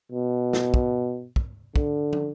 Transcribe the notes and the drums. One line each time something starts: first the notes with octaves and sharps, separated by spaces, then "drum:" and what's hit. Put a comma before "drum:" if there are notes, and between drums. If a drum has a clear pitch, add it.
B2
drum: snare
drum: kick
drum: kick
D3, drum: kick
drum: tom